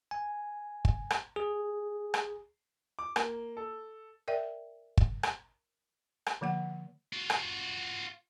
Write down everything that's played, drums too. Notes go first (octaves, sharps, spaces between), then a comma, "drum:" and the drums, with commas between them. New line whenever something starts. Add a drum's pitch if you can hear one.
G#5
drum: kick
drum: rim click
G#4
drum: rim click
D6
A#3, drum: rim click
A4
A#4 D5 E5 G5
drum: kick
drum: rim click
drum: rim click
D3 F3 A#3 F#5
F4 F#4
drum: rim click